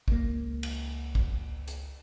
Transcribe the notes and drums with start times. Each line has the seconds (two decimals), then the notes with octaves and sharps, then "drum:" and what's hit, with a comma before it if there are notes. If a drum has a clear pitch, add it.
0.08 C#2 A#3, drum: kick
0.63 drum: cymbal
1.15 drum: kick
1.68 drum: hi-hat